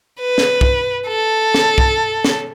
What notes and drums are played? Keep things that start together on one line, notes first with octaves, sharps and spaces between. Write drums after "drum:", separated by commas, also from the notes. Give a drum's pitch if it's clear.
B4
drum: snare
drum: kick
A4
drum: snare
drum: kick
drum: snare